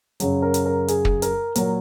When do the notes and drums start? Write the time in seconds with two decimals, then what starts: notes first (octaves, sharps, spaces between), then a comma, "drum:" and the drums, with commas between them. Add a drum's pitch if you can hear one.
0.20 F#2 C#3 F#3, drum: hi-hat
0.42 A#4
0.54 drum: hi-hat
0.66 A#4
0.88 G#4, drum: hi-hat
1.05 drum: kick
1.22 A#4, drum: hi-hat
1.55 A#2 F#3 A#4, drum: hi-hat